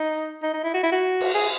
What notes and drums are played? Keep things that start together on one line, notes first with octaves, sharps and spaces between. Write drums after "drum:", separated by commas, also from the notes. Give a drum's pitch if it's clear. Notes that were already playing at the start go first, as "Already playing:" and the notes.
Already playing: D#4
D#4
D#4
E4
F#4
E4
F#4
drum: cymbal
G#4